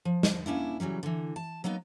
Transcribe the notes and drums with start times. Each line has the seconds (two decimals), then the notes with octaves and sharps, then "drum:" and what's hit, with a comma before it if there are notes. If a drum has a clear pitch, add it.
0.05 F3
0.23 drum: snare
0.46 A#3 C#4 D4 E4
0.80 C#3 E3 F#3 G3
1.03 D3 E3
1.36 A5
1.64 F#3 A#3 B3 D#4